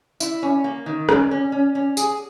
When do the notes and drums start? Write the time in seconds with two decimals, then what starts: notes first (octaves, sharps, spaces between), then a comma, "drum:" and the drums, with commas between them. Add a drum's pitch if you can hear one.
0.20 E4, drum: tambourine
0.43 C#4
0.64 A#3
0.86 D#3
1.09 C#4, drum: rim click
1.31 C#4
1.52 C#4
1.75 C#4
1.97 G#4, drum: tambourine